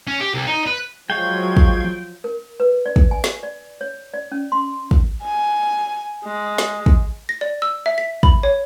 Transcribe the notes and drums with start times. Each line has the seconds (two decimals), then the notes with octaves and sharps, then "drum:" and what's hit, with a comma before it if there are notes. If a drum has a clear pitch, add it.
0.07 C#4
0.20 G4
0.34 C2
0.47 D#4
0.67 B4
1.10 F3 F#3 G#3 F4 F5 G5 C#6 G#6
1.57 drum: kick
1.84 drum: tom
2.24 A#4
2.60 B4
2.86 D5
2.96 drum: kick
3.11 G#5
3.24 drum: snare
3.43 D5
3.81 C#5
4.14 D5
4.32 C#4
4.52 C6
4.91 drum: kick
5.23 G#5
6.24 G#3
6.58 drum: snare
6.86 drum: kick
7.29 A#6
7.41 D5
7.62 E6
7.86 E5
7.98 B6
8.23 B5, drum: kick
8.43 C#5